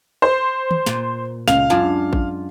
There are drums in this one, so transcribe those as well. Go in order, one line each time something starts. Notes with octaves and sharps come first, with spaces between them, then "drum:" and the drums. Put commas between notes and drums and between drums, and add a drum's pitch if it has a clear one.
C5
drum: tom D#3
A#2, drum: snare
C#2 F5 F7, drum: snare
F#2 G#3 D4 F4
drum: kick A1